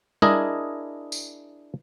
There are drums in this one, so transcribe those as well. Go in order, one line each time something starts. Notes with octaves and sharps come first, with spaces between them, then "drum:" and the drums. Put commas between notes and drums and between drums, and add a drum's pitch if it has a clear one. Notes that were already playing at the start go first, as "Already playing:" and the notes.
D4 E4 G#4 A#4 D#5, drum: tom
drum: tambourine